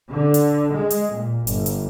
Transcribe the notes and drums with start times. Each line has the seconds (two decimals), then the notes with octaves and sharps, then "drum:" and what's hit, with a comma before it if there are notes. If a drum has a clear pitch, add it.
0.11 D3
0.34 drum: hi-hat
0.76 G#3
0.90 drum: hi-hat
1.15 A#2
1.47 G1, drum: hi-hat
1.66 drum: hi-hat